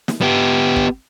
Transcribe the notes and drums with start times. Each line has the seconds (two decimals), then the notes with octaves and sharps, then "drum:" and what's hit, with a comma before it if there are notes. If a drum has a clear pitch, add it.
0.08 drum: snare
0.22 B3 G4
0.76 drum: kick